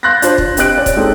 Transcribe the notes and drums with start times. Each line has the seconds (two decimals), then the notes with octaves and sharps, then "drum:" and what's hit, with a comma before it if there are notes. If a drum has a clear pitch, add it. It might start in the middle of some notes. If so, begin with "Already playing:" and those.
0.03 F5 C6 F#6 G6 A6 A#6
0.22 D4 F4 C5, drum: hi-hat
0.38 drum: kick
0.57 C4 G4 D#5 F#6 D7, drum: hi-hat
0.77 C#4 D5
0.86 drum: kick, hi-hat
0.96 G#3 C4 C#4 D#4 G4 A4